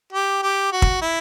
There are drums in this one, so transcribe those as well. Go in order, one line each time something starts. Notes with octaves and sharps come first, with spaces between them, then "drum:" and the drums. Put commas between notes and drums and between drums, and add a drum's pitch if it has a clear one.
G4
G4
F#4
drum: kick
E4